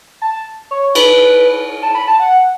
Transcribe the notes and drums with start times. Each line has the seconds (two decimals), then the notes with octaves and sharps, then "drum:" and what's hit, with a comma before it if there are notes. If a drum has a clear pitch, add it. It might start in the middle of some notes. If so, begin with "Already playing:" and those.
0.22 A5
0.71 C#5
0.95 B4, drum: cymbal
1.83 A5
1.95 B5
2.07 A5
2.20 F#5